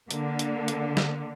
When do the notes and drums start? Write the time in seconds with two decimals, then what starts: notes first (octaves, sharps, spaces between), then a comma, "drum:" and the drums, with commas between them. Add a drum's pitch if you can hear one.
0.11 D3 A#3, drum: hi-hat
0.39 drum: hi-hat
0.68 drum: hi-hat
0.97 drum: snare